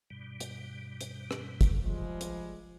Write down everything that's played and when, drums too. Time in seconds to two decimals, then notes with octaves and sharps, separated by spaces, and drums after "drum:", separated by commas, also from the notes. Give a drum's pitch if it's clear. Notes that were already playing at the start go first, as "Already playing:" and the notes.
0.10 G2 B2 G3
0.40 drum: hi-hat
1.01 drum: hi-hat
1.31 drum: rim click
1.61 drum: kick, hi-hat
1.83 F3 G3 G#3
2.21 drum: hi-hat